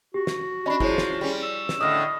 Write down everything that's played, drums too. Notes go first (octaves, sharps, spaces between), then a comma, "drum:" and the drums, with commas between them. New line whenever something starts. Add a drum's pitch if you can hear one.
F#4 G4
drum: snare
C#4 D4 D#5 B5
F3 G#3 E4 C#5, drum: kick
drum: snare
G3 C#4
E6
drum: snare
A2 D3 D#5 D#6 F6